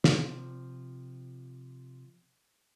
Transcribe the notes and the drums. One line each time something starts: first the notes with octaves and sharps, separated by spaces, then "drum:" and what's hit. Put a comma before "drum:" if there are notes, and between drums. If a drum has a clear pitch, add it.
C3 F3, drum: snare